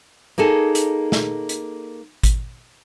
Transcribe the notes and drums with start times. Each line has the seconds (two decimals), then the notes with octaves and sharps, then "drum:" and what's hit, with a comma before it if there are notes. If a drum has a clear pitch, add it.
0.38 A#3 D#4 G#4 A4
0.75 drum: hi-hat
1.12 drum: snare
1.49 drum: hi-hat
2.23 drum: kick G#1, hi-hat